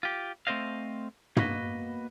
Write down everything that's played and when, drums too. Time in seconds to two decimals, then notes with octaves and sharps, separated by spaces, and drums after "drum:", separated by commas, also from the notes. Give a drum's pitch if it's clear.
0.03 F4 G4
0.47 A3 C4 A4 C5 D#5 F5
1.37 A#3 B3 F#4 B4 D#5, drum: tom